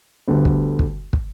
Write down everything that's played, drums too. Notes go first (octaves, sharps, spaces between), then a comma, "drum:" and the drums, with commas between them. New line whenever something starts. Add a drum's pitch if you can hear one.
D2 D3 G3 B3
drum: kick
drum: kick
drum: kick